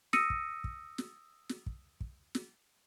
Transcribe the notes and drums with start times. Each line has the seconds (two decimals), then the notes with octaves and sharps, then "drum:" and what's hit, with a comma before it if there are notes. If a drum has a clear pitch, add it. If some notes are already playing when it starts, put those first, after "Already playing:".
0.13 D#6 E6 A#6 C#7 D#7, drum: snare
0.30 drum: kick
0.64 drum: kick
0.98 drum: snare
1.49 drum: snare
1.66 drum: kick
2.01 drum: kick
2.35 drum: snare